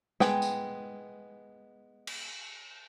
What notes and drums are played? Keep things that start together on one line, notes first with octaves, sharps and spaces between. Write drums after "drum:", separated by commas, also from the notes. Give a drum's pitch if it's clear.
G#3 B3 G5, drum: snare
drum: tambourine
drum: cymbal